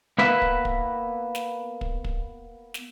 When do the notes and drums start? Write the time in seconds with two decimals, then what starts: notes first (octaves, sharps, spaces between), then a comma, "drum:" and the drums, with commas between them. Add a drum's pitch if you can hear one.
0.18 A#3 B3 E4 A#4 B4 E5
0.42 drum: kick
0.65 drum: kick
1.35 drum: snare
1.81 drum: kick
2.04 drum: kick
2.74 drum: snare